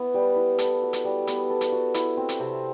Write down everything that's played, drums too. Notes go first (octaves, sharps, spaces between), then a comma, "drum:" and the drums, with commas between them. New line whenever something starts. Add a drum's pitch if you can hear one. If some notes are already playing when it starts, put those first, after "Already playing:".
Already playing: B3 E4
G3
E4
A4, drum: hi-hat
F#4
drum: hi-hat
G3
B3, drum: hi-hat
A4
drum: hi-hat
F#4
E4, drum: hi-hat
C4
drum: hi-hat
C3